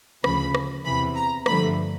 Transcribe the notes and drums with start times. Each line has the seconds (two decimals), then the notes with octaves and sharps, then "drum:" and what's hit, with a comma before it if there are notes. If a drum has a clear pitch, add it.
0.24 D2 C#3 F3 B5, drum: rim click
0.55 drum: rim click
0.85 E2 C3 E3 B5
1.15 A#5
1.46 G2 D3 F3 A3 B5, drum: rim click